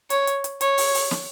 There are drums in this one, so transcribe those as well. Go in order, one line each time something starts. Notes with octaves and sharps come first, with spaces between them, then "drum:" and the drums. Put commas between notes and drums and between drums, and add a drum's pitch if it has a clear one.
C#5, drum: hi-hat
drum: hi-hat
drum: hi-hat
C#5, drum: hi-hat
drum: open hi-hat
drum: open hi-hat
drum: snare